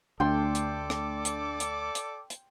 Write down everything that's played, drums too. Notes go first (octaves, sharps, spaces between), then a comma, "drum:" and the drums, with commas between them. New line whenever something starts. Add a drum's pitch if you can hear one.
D2 A3 D4 A4 D5 G5 C6 D6
drum: hi-hat
drum: rim click
drum: hi-hat
drum: hi-hat
drum: hi-hat
drum: hi-hat